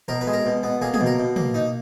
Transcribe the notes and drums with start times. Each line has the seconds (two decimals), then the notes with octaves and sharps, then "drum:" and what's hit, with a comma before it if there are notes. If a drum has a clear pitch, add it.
0.08 B2 A#4
0.21 B4
0.27 G#3
0.33 A#4
0.45 B2
0.63 B3
0.82 A#3 G#4
0.94 G#4, drum: tom
1.00 B2
1.06 A#4
1.19 B2
1.36 A#3, drum: tom
1.54 D#4